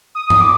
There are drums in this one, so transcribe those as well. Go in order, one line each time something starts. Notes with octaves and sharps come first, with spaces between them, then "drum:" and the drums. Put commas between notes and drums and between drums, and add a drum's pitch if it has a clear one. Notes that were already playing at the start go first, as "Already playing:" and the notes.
D#6
drum: tom G2
D6